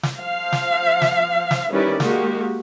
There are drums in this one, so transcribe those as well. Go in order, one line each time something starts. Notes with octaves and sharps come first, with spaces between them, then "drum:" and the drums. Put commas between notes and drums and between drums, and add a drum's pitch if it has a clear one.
drum: snare
F3 F5
drum: snare
drum: snare
drum: snare
D#3 G3 C#4 E4 B4 D5
G#3 A#3 F#4 G4, drum: snare